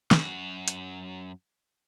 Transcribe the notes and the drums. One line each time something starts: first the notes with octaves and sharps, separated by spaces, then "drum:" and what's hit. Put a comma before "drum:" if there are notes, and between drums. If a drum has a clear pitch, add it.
F#2 F#4, drum: snare
drum: hi-hat